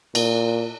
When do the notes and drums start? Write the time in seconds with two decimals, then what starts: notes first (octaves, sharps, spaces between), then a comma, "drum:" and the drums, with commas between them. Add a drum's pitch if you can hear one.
0.15 A#2, drum: cymbal